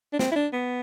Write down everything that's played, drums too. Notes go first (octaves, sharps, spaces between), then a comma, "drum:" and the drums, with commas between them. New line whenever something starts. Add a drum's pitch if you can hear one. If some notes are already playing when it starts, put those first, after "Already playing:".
D4
C4, drum: snare
E4
D4
B3